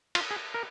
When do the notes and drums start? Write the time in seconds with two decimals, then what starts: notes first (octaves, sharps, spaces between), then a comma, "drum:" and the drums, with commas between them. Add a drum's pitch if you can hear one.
0.15 F4, drum: cymbal
0.31 G#4
0.54 A#4